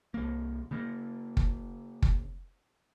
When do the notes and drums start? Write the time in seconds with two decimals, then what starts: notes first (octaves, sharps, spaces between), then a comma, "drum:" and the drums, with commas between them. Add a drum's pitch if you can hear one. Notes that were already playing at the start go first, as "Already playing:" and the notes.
0.14 C2 A#3
0.71 C#3 A#3
1.37 drum: kick
2.02 drum: kick